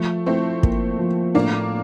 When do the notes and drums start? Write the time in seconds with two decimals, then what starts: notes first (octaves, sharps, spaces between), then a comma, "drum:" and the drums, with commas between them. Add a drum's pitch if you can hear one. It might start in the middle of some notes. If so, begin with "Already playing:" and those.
Already playing: F3 A3
0.26 A3 C4 E4
0.63 A#3, drum: kick
0.99 F3
1.35 A2 A#3 D4